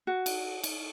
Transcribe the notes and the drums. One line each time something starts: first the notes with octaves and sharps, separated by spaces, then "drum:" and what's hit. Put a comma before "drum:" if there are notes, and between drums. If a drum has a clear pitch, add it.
F#4
drum: cymbal
drum: cymbal